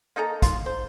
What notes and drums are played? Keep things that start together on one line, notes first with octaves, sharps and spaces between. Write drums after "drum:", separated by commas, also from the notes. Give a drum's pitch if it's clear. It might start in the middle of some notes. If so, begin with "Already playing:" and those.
A#3 D#4 A4 A#5
F4, drum: kick, hi-hat
C5